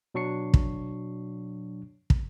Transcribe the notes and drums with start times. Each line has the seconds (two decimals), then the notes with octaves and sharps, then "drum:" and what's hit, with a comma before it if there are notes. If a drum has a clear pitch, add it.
0.14 B2 F#3 D4 C#6 C7 C#7
0.54 drum: kick
2.10 drum: kick